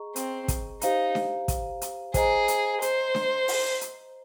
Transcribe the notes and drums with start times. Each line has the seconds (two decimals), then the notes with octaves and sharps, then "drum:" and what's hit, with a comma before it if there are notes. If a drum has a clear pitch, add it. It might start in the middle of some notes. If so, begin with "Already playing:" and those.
Already playing: G#4 D#5 A#5 C#6
0.16 C4, drum: hi-hat
0.48 drum: kick, hi-hat
0.81 D#4 G4 C5 F5 A#5, drum: hi-hat
1.15 drum: snare D4
1.48 drum: kick, hi-hat
1.81 drum: hi-hat
2.14 G#4 C5 D#5 A#5, drum: kick, hi-hat
2.48 drum: hi-hat
2.82 C5, drum: hi-hat
3.15 drum: snare D4
3.48 drum: open hi-hat
3.81 drum: hi-hat